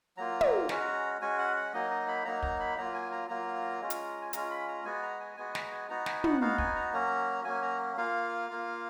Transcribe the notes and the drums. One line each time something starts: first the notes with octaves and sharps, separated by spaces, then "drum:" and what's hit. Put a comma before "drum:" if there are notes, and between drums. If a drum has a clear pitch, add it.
F#3 A#3 F4 A#5
drum: tom
G#3 C#4 F#4, drum: snare
G#3 C#4 F#4 G#5
F#5
F#5
F#3 A#3 D#4 D#5
D#5
B5
F#3 A#3 D#4 A#5
A#5, drum: kick
B5
F#3 A#3 F4 A#5
G#5
A#5
F#3 A#3 F4 A#5
G#3 C#4 F4
drum: hi-hat
G#5
G#3 C#4 F4 A#5, drum: hi-hat
B5
A#5
G#3 B3 F#4 G#5
A#5
G#5
G#3 B3 F#4 G#5
A#5, drum: snare
G#5
B3 D#4 F#4 A#5
G#5, drum: snare
F#5, drum: tom
B3 D#4 F#4 F5
G#5, drum: kick
A#5
F#3 A#3 C#4 A#5
F#3 A#3 C#4 G#5
A#5
A#3 F4 F5
A#3 F4